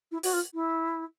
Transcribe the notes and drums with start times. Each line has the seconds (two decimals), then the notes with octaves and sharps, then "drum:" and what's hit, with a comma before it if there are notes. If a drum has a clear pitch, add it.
0.11 E4
0.23 F#4, drum: open hi-hat
0.33 F4
0.54 E4